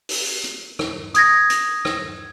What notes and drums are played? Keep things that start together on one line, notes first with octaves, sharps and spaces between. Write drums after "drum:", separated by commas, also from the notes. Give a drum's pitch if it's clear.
drum: open hi-hat
drum: hi-hat
drum: rim click
D#6 G#6 A#6, drum: hi-hat
drum: hi-hat
drum: rim click